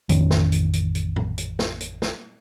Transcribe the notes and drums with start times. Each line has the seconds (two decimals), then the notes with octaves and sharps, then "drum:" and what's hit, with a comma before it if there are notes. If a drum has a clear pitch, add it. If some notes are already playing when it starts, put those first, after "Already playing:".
0.09 A1 F2 D#3 C#4, drum: hi-hat
0.31 drum: snare
0.52 drum: hi-hat
0.73 drum: hi-hat
0.95 drum: hi-hat
1.16 drum: tom A2
1.38 drum: hi-hat
1.59 drum: snare
1.81 drum: hi-hat
2.02 drum: snare